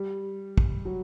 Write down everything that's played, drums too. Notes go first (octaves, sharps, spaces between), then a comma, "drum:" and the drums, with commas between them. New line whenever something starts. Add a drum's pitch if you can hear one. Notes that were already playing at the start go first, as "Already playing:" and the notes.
Already playing: G3
drum: kick
F#3